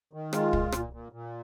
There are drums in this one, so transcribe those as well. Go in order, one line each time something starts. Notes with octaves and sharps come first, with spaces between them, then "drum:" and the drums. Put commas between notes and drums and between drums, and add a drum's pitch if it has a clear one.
D#3
G#3 F4, drum: rim click
A#2, drum: kick
A#2, drum: rim click
A#2
A#2